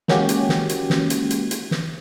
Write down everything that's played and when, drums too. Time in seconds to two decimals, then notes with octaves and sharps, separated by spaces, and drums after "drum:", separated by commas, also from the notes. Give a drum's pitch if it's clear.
0.08 G#3 A#3 C#4 F#4 G4, drum: snare
0.29 drum: hi-hat
0.49 drum: snare
0.69 drum: hi-hat
0.90 drum: snare
1.10 drum: hi-hat
1.30 drum: hi-hat
1.51 drum: hi-hat
1.71 drum: snare